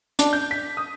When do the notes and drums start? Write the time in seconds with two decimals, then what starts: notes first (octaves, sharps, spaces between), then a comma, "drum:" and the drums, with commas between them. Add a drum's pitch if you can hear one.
0.19 D4, drum: hi-hat
0.33 G6
0.51 B6
0.77 D#6